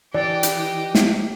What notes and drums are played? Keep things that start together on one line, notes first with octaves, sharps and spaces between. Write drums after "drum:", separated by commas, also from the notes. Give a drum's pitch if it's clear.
E3 G4 D5 D#5 G5
drum: hi-hat
drum: snare